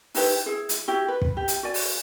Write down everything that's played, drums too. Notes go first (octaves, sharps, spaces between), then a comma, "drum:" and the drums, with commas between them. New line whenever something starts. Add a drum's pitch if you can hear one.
D#4 E4 G4 B4, drum: open hi-hat
E4 G#4
drum: hi-hat
E4 F#4 G4
B4
drum: kick
G4
drum: hi-hat
F#4 D5 G#5
drum: open hi-hat